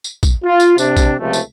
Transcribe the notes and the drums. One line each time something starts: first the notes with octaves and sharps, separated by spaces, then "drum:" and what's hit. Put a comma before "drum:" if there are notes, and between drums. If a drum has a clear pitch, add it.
drum: tambourine
drum: kick, tambourine
F4
drum: tambourine
C3 D4, drum: tambourine
drum: kick, tambourine
C#2 C3 F3 A3
drum: tambourine